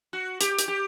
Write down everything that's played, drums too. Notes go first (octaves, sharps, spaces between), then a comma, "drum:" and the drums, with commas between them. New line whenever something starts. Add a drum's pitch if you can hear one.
F#4
G4, drum: hi-hat
drum: hi-hat
G4